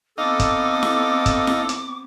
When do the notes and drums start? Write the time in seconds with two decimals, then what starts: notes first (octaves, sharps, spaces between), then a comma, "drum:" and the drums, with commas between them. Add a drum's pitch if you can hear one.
0.18 B3 C4 D#4 A4 D#5 F5 D6
0.39 drum: kick, hi-hat
0.83 drum: snare E4
1.26 drum: kick, hi-hat
1.47 drum: snare E4
1.69 drum: hi-hat